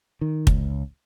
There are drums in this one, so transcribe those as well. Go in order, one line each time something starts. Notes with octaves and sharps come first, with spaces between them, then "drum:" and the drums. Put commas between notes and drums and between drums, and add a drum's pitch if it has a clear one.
D#3
C#2, drum: kick